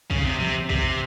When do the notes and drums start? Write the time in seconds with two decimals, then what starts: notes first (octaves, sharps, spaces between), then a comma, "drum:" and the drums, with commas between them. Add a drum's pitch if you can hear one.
0.10 C#3, drum: kick
0.25 C3
0.40 C3, drum: tom E3
0.70 C3, drum: kick